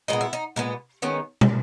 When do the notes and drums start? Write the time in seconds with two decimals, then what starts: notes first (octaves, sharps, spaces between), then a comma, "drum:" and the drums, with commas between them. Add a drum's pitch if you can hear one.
0.08 A#2 G#3 B3 D#5
0.21 E4
0.33 D#4
0.56 A#2 G#3 B3
1.02 D#3 G#3 B3 C#4
1.41 drum: tom